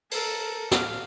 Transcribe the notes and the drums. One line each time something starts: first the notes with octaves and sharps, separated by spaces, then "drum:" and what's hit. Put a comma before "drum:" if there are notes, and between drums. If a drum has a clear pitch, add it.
A4 A#4, drum: open hi-hat
F5, drum: snare